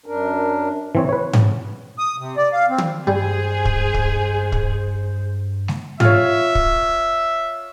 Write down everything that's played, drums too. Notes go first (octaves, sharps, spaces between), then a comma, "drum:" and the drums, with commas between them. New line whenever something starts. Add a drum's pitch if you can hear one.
F#2 D4 A#4
E3 C4 C#5
B4 C#5
drum: tom G#2
D#6
C3
D5
F5
C4
drum: tom
G2 G3 G#3 G#4 C5
drum: kick
drum: kick
drum: kick
drum: snare G#3
F4 C#5 E5, drum: tom G#2
drum: kick